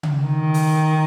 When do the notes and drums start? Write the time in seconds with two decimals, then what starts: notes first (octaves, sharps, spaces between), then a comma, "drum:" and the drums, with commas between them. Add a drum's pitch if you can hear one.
0.03 drum: tom C#3
0.23 D#3
0.54 drum: open hi-hat